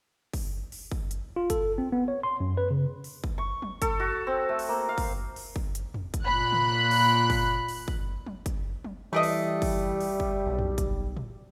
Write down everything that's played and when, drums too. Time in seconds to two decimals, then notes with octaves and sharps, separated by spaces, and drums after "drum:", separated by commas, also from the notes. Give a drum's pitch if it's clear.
0.33 drum: kick, open hi-hat
0.72 drum: open hi-hat
0.92 drum: kick
1.11 drum: hi-hat
1.36 F4
1.50 A4, drum: kick, hi-hat
1.78 C4
1.92 B3
2.08 C#5
2.23 C6
2.40 F#2
2.57 B4
2.71 C#3
3.04 drum: open hi-hat
3.24 drum: kick
3.38 C#6
3.62 drum: tom F3
3.82 A4, drum: kick, hi-hat
4.00 F#4
4.27 C4
4.49 A3
4.59 drum: open hi-hat
4.69 A#3
4.89 F5
4.98 drum: kick, open hi-hat
5.36 drum: open hi-hat
5.56 drum: kick
5.75 drum: hi-hat
5.94 drum: tom
6.14 drum: kick, hi-hat
6.23 A#2 B5 F#6
6.52 drum: tom
6.91 drum: open hi-hat
7.30 drum: kick, open hi-hat
7.68 drum: open hi-hat
7.88 drum: kick
8.26 drum: tom F3
8.46 drum: kick, hi-hat
8.84 drum: tom F3
9.13 E3 G3 A3 D5 D#5
9.23 drum: open hi-hat
9.62 drum: kick, open hi-hat
10.01 drum: open hi-hat
10.20 drum: kick
10.46 B1
10.59 drum: tom
10.78 drum: kick, hi-hat
11.17 drum: tom